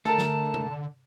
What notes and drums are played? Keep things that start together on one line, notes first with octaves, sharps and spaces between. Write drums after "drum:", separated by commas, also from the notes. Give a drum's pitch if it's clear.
D3 A3 A4 A#4 A5
drum: snare
drum: tom C3